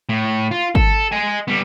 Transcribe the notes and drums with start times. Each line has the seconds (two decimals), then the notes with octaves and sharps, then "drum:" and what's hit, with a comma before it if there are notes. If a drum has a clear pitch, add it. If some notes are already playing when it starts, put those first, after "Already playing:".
0.09 A2
0.51 F4
0.75 A4, drum: kick G#1
1.12 D#5 G#5
1.48 G3 B3